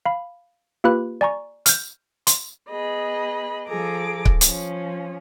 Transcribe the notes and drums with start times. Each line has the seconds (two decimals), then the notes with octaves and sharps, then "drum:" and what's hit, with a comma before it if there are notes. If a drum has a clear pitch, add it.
0.05 F5 B5
0.84 A#3 F4 G4 B4 B5 F#6
1.21 D5 G#5 A#5 C#6
1.66 F6 G6, drum: hi-hat
2.27 C6, drum: hi-hat
2.70 B3 G#4 D#5 B5
3.67 F3 G#4 A4 A#5 D6
4.25 drum: kick C#1
4.41 F3 C#4, drum: hi-hat